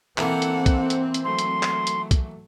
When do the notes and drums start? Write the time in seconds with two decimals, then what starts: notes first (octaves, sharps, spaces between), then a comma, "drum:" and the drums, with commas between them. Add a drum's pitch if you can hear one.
0.18 E3 A#3 C4 A4 F#5, drum: clap
0.42 drum: hi-hat
0.66 drum: kick C2, hi-hat
0.90 drum: hi-hat
1.14 drum: hi-hat
1.25 F#3 A3 C6
1.39 drum: hi-hat
1.63 drum: clap
1.87 drum: hi-hat
2.11 drum: kick C2, hi-hat